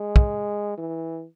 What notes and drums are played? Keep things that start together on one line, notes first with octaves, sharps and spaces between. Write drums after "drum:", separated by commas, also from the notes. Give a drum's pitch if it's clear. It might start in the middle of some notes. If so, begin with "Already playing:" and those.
Already playing: G#3
drum: kick
E3